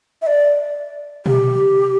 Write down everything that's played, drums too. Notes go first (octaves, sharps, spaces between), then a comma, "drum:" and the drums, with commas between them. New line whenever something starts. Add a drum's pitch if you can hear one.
E5
D5
G4, drum: tom B2